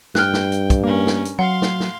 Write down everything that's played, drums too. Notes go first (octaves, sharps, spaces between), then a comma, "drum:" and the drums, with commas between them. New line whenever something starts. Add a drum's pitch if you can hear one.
G2 G5 F6 F#6, drum: snare
drum: snare
drum: hi-hat
drum: kick, hi-hat
A#3 C#4 A#4
drum: snare
drum: hi-hat
F#3 F5 F#5 C6
drum: snare
drum: snare